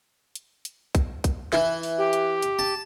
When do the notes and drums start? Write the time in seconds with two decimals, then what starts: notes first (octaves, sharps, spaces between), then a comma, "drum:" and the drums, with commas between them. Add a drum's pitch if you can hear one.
0.35 drum: hi-hat
0.65 drum: hi-hat
0.95 drum: kick, hi-hat
1.24 drum: kick, hi-hat
1.53 E3, drum: snare
1.83 drum: open hi-hat
1.98 G4
2.13 drum: hi-hat
2.42 drum: hi-hat
2.59 A5